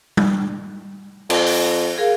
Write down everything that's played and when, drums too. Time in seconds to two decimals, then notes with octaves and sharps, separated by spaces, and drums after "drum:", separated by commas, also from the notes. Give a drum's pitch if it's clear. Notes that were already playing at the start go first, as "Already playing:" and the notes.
0.17 drum: tom G3
1.30 F2, drum: cymbal
1.46 drum: open hi-hat
1.98 G#4 A#4 F5